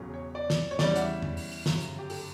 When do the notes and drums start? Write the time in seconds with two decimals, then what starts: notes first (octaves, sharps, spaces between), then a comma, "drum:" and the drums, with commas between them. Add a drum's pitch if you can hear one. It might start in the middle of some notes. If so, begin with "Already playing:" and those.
Already playing: E1 E2 C#3 F#3 C#4
0.14 C#5
0.35 D5
0.50 drum: snare
0.71 C#5
0.79 E2 C#3 G3 C#4 E4 D5, drum: snare
0.96 F#5, drum: hi-hat
1.01 E5
1.22 drum: tom
1.37 drum: open hi-hat
1.52 drum: open hi-hat
1.66 G1 F#2 C#3 F#3, drum: snare
1.81 drum: hi-hat
1.98 G4
2.10 A4, drum: open hi-hat